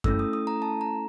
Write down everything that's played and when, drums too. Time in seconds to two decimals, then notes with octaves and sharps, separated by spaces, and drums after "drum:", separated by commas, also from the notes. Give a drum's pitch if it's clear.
0.04 A3 C#4 E4 A4 E6, drum: kick F#2
0.19 D#6
0.33 D#6
0.47 A#5
0.62 A5
0.81 A#5